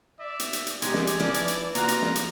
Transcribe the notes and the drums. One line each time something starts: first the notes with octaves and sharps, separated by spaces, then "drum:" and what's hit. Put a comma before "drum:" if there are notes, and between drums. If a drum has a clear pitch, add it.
D5 E5
drum: hi-hat
drum: hi-hat
drum: hi-hat
G#3 D#4 G4 G#5, drum: hi-hat
drum: snare
drum: hi-hat
E3 F3 D4 E4, drum: snare
drum: hi-hat
drum: hi-hat
A#3 F4 F#4 A#5, drum: hi-hat
drum: hi-hat
drum: snare
drum: hi-hat